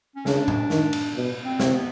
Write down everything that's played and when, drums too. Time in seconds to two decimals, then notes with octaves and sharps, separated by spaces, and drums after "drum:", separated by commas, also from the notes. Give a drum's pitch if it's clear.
0.16 C#4
0.26 C#3 D4, drum: snare
0.48 drum: tom A2
0.70 D#3, drum: snare
0.93 drum: cymbal
1.16 B2
1.45 C4
1.60 C3, drum: snare
1.75 B3